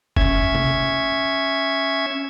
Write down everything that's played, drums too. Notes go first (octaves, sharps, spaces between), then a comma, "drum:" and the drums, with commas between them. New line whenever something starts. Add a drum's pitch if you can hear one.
C#4 E5 G#6, drum: kick
drum: tom C3